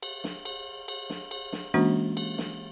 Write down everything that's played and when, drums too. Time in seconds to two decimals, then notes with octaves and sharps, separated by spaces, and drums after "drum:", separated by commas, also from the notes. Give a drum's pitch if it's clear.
0.03 drum: cymbal
0.24 drum: snare
0.45 drum: cymbal
0.88 drum: cymbal
1.10 drum: snare
1.31 drum: cymbal
1.53 drum: snare
1.74 E3 G#3 A#3 C#4 D4 F#4
2.17 drum: cymbal
2.38 drum: snare